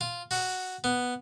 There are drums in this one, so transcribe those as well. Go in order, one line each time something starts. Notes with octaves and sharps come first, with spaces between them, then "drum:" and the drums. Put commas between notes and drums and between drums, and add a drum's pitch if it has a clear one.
F4
F#4, drum: open hi-hat
B3